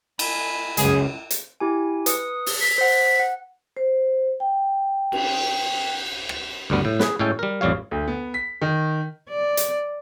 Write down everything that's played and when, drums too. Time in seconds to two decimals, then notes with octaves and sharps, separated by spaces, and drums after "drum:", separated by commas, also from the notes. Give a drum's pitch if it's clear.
0.19 G#5 B5, drum: cymbal
0.77 C#2 F#2 G#4, drum: hi-hat
1.30 drum: hi-hat
1.60 E4 G4 G#5
2.06 B4 D#6 C#7, drum: hi-hat
2.46 drum: open hi-hat
2.61 B6
2.78 C5 F#5
3.19 F#5
3.77 C5
4.40 G5
5.12 drum: cymbal
6.29 drum: rim click
6.70 D2 G2 G3 B3
6.85 A2
7.00 G#4 B4, drum: snare
7.19 A2 G#3 C#4 A4 C#5 G5
7.39 G3 A#4
7.61 A1 F2 G3 C#5 F5
7.91 D2
8.08 B3
8.34 B6
8.61 D#3
9.29 D5
9.57 drum: hi-hat